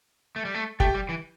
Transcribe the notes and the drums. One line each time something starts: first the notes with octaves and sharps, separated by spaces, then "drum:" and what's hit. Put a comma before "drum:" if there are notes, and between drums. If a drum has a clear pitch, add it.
A3
G3
A3
A3 G4 G5, drum: kick
G3
E3